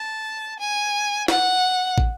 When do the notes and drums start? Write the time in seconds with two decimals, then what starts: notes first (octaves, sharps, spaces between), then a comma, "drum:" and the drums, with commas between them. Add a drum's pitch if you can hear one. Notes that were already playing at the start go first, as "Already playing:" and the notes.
Already playing: A5
0.60 G#5
1.28 F#5, drum: snare
1.98 drum: kick